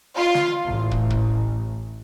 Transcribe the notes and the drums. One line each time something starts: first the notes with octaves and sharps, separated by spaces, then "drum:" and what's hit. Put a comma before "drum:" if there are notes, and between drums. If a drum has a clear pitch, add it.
F4
drum: snare
A1
drum: kick
drum: kick